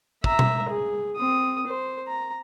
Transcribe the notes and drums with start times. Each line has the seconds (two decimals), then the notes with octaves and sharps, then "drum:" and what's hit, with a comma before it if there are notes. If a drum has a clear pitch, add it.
0.24 E5 A#5, drum: kick
0.39 drum: tom B2
0.69 G#4
1.17 C4 D#6
1.67 C5
2.08 A#5